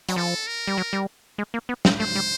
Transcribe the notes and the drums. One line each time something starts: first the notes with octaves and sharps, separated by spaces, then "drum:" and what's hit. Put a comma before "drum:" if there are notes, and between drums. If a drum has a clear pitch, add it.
F#3, drum: hi-hat
F3 A4
A#4
G3
F#3
G3
G#3
A#3
B3
C4, drum: snare
A3 C5
G3